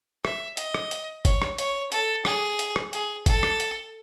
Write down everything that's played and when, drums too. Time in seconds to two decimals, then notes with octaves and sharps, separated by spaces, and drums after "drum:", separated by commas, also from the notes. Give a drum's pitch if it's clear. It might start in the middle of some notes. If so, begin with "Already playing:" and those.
0.25 E5, drum: rim click
0.57 D#5, drum: hi-hat
0.74 drum: rim click
0.91 drum: hi-hat
1.25 C#5, drum: kick, hi-hat
1.42 drum: rim click
1.58 C#5, drum: hi-hat
1.92 A4, drum: hi-hat
2.25 G#4, drum: rim click
2.59 drum: hi-hat
2.76 drum: rim click
2.93 G#4, drum: hi-hat
3.26 A4, drum: kick, hi-hat
3.43 drum: rim click
3.60 drum: hi-hat